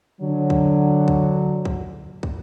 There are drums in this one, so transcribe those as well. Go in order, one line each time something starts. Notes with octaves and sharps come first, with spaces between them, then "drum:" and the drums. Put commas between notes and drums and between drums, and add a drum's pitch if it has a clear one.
D3 F#3
drum: kick
drum: kick
drum: kick
drum: kick